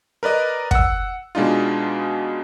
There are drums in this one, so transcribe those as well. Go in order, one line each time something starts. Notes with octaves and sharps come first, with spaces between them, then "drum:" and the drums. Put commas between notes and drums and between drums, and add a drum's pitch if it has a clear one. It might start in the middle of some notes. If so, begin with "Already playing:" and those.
A#4 B4 D5 D#5
F#5 E6, drum: kick
B2 G#3 D4 D#4 F4